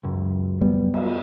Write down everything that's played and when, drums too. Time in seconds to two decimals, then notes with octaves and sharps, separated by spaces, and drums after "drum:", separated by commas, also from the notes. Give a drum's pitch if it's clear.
0.03 C#2 F#2
0.61 G3 B3
0.94 drum: cymbal